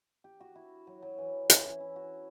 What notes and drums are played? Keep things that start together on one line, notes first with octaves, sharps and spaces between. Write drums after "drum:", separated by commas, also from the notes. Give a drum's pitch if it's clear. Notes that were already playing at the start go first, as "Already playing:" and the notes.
G4
F#4
E4
F#3
F#3
E3
C#4, drum: hi-hat
E4
E4
F#4